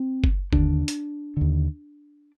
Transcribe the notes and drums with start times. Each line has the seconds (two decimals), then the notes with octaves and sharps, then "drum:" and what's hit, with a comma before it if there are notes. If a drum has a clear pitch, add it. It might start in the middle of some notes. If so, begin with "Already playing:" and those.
Already playing: C4
0.24 drum: kick F#1
0.53 D#2 D3 D4, drum: kick F#1
0.88 drum: hi-hat
1.37 D#2 D3